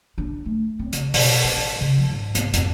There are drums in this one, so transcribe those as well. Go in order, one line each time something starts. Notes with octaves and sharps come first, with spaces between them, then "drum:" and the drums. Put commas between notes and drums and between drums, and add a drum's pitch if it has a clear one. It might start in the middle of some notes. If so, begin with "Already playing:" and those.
D4
A3
C4
C#3, drum: hi-hat
B2, drum: open hi-hat
C#4
A1
C#3
F3
G#2
G#2, drum: hi-hat
F2, drum: hi-hat